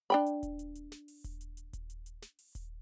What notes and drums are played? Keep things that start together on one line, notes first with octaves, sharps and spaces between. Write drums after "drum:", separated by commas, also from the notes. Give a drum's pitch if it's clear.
D4 G5 B5
drum: hi-hat
drum: kick D#1, hi-hat
drum: hi-hat
drum: hi-hat
drum: snare
drum: open hi-hat
drum: kick D#1, hi-hat
drum: hi-hat
drum: hi-hat
drum: kick D#1, hi-hat
drum: hi-hat
drum: hi-hat
drum: snare
drum: open hi-hat
drum: kick D#1, hi-hat